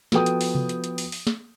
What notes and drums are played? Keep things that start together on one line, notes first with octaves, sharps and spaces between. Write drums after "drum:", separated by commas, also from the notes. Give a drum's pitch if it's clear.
F3 B3 F#4 A4 G5 D#6, drum: snare
drum: hi-hat
drum: open hi-hat
drum: tom C3
drum: hi-hat
drum: hi-hat
drum: open hi-hat
drum: open hi-hat
drum: snare